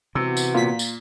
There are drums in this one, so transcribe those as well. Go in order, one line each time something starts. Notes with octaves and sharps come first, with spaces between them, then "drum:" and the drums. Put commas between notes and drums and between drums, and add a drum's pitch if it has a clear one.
C3 E3 B3 F#4 E6
drum: tambourine
A#2 F4 B6
drum: tambourine